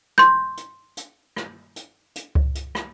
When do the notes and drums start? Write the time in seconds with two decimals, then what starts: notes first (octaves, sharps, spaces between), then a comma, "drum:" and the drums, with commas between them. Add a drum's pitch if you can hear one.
0.18 C6 G6, drum: rim click
0.57 drum: hi-hat
0.97 drum: hi-hat
1.36 drum: rim click
1.76 drum: hi-hat
2.16 drum: hi-hat
2.35 drum: kick C#2
2.55 drum: hi-hat
2.75 drum: rim click